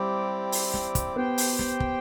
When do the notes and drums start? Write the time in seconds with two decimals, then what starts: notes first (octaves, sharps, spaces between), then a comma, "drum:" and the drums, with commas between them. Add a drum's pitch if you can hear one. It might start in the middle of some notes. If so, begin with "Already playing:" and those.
Already playing: G3 C4 E4 G4 D5
0.52 drum: open hi-hat
0.74 drum: snare
0.95 drum: kick, hi-hat
1.16 B3 G4 C5 G5
1.38 drum: open hi-hat
1.59 drum: snare
1.80 drum: kick